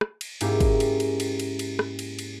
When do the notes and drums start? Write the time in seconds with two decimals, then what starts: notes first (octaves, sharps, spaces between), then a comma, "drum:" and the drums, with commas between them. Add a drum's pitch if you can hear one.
0.01 drum: rim click
0.21 drum: cymbal
0.41 G#2 A#3 C#4 E4 G4, drum: cymbal
0.60 drum: kick, cymbal
0.80 drum: cymbal
1.00 drum: cymbal
1.20 drum: cymbal
1.40 drum: cymbal
1.59 drum: cymbal
1.79 drum: rim click
1.99 drum: cymbal
2.19 drum: cymbal